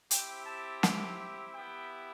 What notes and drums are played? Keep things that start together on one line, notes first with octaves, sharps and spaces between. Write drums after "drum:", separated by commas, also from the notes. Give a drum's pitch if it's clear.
C4 E4 G4 G5, drum: hi-hat
A5
drum: snare
B3 E4 G4 G5